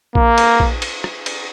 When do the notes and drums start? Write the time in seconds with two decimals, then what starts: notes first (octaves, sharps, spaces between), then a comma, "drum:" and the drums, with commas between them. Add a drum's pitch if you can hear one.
0.15 A#3, drum: kick A#1
0.38 drum: cymbal
0.60 drum: kick A#1
0.82 drum: cymbal
1.04 drum: rim click
1.26 drum: cymbal